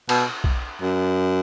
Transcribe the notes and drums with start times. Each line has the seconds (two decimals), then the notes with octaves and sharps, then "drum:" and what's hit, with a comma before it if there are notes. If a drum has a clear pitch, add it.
0.09 B2, drum: cymbal
0.44 drum: kick B1
0.81 F#2